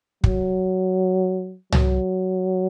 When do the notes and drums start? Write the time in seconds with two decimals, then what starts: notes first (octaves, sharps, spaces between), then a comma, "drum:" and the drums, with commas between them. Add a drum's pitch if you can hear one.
0.24 F#3, drum: kick
1.72 F#3, drum: tom